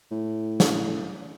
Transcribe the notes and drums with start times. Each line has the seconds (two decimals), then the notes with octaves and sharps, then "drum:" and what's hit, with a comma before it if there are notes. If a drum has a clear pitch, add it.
0.11 A2
0.60 drum: snare